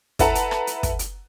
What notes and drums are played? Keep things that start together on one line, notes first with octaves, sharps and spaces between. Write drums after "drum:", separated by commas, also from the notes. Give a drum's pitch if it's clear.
E4 A4 B4 F#5 A5 A#5, drum: kick, hi-hat
drum: hi-hat
drum: rim click
drum: hi-hat
drum: kick, hi-hat
drum: hi-hat